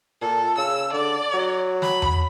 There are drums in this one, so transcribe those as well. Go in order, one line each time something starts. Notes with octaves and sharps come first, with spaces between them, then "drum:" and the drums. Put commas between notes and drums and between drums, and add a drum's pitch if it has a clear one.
A#2 A4
C#3 E6
D3 D5
F#3
B5, drum: snare
drum: tom E2